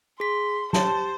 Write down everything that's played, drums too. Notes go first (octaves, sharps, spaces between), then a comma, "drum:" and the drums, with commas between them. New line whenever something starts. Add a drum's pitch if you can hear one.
G#4 C6 B6
G4 C5 A5, drum: snare